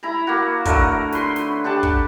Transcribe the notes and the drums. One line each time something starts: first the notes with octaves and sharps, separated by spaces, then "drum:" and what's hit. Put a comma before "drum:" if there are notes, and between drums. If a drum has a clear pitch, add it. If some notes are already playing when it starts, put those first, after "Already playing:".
E4 A#5 B5
A#3 F#4
D3 F#3 A3 A#4, drum: kick, hi-hat
B4 C6, drum: snare
drum: snare
D4 G4 F#5 A5
drum: kick